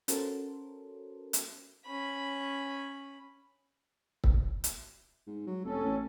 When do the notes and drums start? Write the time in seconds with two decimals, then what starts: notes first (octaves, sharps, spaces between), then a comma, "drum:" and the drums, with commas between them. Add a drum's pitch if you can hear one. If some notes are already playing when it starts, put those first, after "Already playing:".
0.08 C#4 F#4 A4 A#4 C5, drum: hi-hat
1.33 drum: hi-hat
1.86 C#4 B5
4.24 drum: kick
4.64 drum: hi-hat
5.27 G#2
5.47 F#3
5.65 F1 C#4 A4
5.85 A1